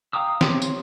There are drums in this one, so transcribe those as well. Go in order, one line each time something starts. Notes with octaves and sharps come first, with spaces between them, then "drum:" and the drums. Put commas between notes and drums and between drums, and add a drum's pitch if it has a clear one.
F5 G5 A#5 D#6 E6
C4 G4 C#5, drum: snare
drum: tambourine